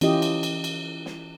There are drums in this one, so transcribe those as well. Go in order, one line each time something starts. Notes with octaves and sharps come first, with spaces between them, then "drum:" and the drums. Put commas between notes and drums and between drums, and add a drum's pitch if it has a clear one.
E3 C#4 E4 F4 G4 D#5, drum: cymbal
drum: cymbal
drum: cymbal
drum: cymbal
drum: snare